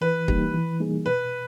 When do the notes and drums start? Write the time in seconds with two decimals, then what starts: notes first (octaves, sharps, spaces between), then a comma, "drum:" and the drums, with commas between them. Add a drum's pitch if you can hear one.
0.01 E3 B4
0.28 G3 A#3 D#4 G4, drum: kick
0.54 E3
0.80 G3 A#3 D#4 G#4
1.06 B2 B4